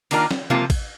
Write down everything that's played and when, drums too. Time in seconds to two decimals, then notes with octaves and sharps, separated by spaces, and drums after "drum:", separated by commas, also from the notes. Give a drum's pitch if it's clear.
0.11 D#3 A#3 D4 F4 A#4, drum: cymbal
0.31 drum: snare
0.50 C3 F3 A#3 F4, drum: tom C3
0.70 drum: kick, cymbal